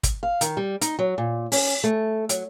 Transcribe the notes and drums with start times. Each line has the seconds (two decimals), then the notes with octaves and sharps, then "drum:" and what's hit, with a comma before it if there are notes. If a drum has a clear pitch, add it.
0.03 drum: kick, hi-hat
0.23 F5
0.41 D#3, drum: hi-hat
0.57 G3
0.81 D#4, drum: hi-hat
0.99 F#3
1.18 A#2
1.52 C#4, drum: open hi-hat
1.84 A3
2.29 F#3, drum: hi-hat